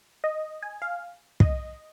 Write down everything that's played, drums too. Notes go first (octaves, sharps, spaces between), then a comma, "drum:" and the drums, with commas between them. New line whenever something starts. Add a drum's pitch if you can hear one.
D#5
G#5
F5
D#5, drum: kick